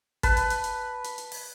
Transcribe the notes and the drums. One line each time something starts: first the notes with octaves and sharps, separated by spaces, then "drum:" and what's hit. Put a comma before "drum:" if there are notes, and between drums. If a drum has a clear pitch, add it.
B4 A5, drum: kick G1, hi-hat
drum: hi-hat
drum: hi-hat
drum: hi-hat
drum: hi-hat
drum: hi-hat
drum: open hi-hat